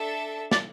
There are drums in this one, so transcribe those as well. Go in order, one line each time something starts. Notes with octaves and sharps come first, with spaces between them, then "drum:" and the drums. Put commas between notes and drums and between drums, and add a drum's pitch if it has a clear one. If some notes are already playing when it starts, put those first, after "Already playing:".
Already playing: D4 A4 E5 A5
D5, drum: snare